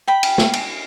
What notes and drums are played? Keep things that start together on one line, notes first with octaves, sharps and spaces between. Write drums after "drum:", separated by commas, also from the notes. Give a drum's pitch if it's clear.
G5 B5
drum: cymbal
drum: snare
drum: cymbal